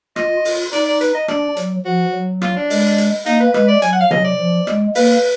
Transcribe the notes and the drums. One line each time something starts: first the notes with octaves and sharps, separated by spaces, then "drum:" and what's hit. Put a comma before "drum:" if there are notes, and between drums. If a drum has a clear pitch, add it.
F4 D#5, drum: rim click
F4, drum: open hi-hat
D#4 D5, drum: hi-hat
D5
B4, drum: hi-hat
D#5
D4 D5, drum: rim click
F#3, drum: hi-hat
F3 F#4
F#3
F4, drum: rim click
D4
G#3, drum: open hi-hat
drum: hi-hat
A#3 D#4, drum: hi-hat
B4
G#3 B4, drum: rim click
D5
F#3 G#5, drum: hi-hat
F#5
F5
F#3 D#5, drum: tom
D5
F3
G#3, drum: rim click
A#3 B4, drum: open hi-hat